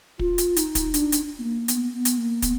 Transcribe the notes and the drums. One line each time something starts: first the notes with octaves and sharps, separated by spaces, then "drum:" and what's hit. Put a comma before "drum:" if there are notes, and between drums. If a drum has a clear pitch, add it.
F4, drum: kick
drum: hi-hat
D#4, drum: hi-hat
drum: kick, hi-hat
D4, drum: hi-hat
drum: hi-hat
B3
A#3
B3, drum: hi-hat
B3
drum: hi-hat
A#3
B3, drum: kick, hi-hat